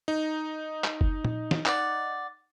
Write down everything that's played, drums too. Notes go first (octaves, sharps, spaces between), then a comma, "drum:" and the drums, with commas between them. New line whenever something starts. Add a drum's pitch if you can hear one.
D#4
drum: clap
drum: kick F#1
drum: tom A#2
drum: snare
D5 F#5, drum: clap